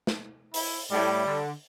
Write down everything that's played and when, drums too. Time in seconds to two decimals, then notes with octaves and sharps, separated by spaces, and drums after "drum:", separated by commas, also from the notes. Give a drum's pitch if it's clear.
0.07 drum: snare
0.54 E4, drum: open hi-hat
0.91 A2 G3
1.25 D3